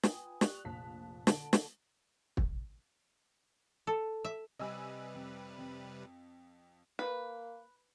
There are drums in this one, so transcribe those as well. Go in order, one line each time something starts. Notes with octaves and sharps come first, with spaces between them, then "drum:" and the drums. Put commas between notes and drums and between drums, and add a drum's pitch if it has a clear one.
F4 B4 G5 G#5 D#6, drum: snare
G4 D5 C#6 F#6 F7, drum: snare
F1 A#1 A5 B6
D3 A5 D7, drum: snare
drum: snare
drum: kick
A4
E5
C3 G3 B4 D#5 G#5 E6
F2
F2
A#3 B4